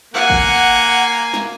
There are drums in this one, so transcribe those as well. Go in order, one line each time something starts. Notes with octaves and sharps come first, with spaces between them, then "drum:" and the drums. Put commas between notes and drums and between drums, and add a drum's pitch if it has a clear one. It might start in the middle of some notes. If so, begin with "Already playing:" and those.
A#3 F#5 G#5 F#6
drum: kick
drum: snare